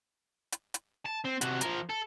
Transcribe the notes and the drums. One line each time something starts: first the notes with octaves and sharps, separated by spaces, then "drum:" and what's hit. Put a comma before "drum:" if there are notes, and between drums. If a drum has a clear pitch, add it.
drum: hi-hat
drum: hi-hat
A5
C4
C3 F#4, drum: hi-hat
F3 A#4, drum: hi-hat
A4